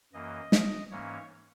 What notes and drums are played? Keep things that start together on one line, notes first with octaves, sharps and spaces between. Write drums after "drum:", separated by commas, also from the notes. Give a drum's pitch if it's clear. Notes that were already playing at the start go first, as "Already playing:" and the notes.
F#2 E3 A#3 D#5
drum: snare
G#2 E3 A#3 C#4 C#5